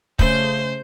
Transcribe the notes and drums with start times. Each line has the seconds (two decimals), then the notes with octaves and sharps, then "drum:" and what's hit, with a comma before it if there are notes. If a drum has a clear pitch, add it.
0.19 C#3 A3 C5 G6, drum: kick